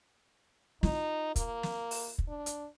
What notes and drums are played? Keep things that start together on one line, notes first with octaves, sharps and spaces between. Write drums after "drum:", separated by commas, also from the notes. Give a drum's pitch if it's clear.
D#4 F4, drum: snare
A#3, drum: kick, hi-hat
drum: snare
drum: open hi-hat
drum: kick
D4
drum: hi-hat